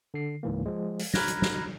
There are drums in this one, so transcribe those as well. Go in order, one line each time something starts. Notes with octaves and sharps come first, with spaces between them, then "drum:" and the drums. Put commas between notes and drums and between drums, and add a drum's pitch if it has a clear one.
D3 C7
C#2 G#2 E3 A#3
F3 G#3
drum: open hi-hat
A#5 B5 F6 F#6 G#6 A#6, drum: snare
drum: hi-hat
drum: snare